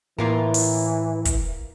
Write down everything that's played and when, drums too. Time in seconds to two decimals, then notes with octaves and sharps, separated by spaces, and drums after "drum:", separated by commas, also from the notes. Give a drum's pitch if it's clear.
0.18 A2 E3 A#3 F4 A#4
0.54 drum: open hi-hat
1.25 drum: kick, hi-hat